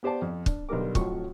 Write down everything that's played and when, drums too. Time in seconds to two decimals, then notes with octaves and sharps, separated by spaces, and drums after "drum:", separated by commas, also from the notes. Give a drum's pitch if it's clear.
0.03 B3 G4 C5 D5 A5
0.22 F2
0.46 D4, drum: kick
0.69 B1 D3 G3 A#4 D6
0.95 F2 A2 F3 F#3 C#6, drum: kick